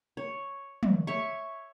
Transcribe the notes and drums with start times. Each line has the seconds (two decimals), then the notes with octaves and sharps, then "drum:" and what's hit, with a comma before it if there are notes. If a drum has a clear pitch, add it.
0.17 C#5
0.83 drum: tom
1.07 C#5 E5 C#6